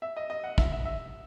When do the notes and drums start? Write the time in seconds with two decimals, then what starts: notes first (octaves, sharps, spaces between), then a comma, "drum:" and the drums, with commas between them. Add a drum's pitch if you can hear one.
0.02 E5
0.17 D#5
0.30 D#5
0.44 F#5
0.58 E5, drum: kick
0.72 E5
0.85 E5